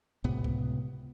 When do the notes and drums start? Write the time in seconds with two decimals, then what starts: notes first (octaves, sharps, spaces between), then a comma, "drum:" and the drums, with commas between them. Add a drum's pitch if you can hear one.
0.24 C#2 A2 C3 B3
0.44 drum: kick C#2